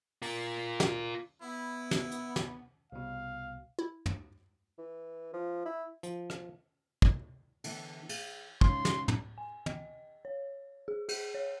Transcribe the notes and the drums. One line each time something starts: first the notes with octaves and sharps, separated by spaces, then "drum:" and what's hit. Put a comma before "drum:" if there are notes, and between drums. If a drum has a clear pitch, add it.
F4 A#4, drum: open hi-hat
drum: snare
B3 E4
drum: snare
drum: hi-hat
drum: snare
C2 B2 F5
E4
drum: tom
E3
F3
E4
F3, drum: hi-hat
drum: rim click
drum: kick
D3 E3 B3, drum: cymbal
G#4 F5, drum: cymbal
G#2 C#3 C6, drum: kick
drum: snare
drum: tom
G#5
D#5, drum: tom
C#5
G#4
G#4, drum: cymbal
C#5